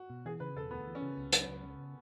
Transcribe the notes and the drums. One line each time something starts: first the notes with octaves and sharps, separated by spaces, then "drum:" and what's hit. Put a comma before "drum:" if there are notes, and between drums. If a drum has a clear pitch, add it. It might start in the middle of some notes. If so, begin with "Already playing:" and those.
Already playing: F#4
B2
E3 G#4
C#3 B4
E1 A4
D2 B3
E3
C#4
C#3
C#2
F#3, drum: hi-hat
C#2
C#3